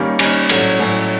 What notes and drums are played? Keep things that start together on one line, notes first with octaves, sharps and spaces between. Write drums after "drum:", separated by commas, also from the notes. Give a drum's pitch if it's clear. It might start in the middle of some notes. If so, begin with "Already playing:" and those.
Already playing: D#3 G3 A#3 C#4
D#3 G3 A#3 C#4, drum: cymbal
A2 F#3 A3 C#4, drum: cymbal
A2 F#3 A3 C#4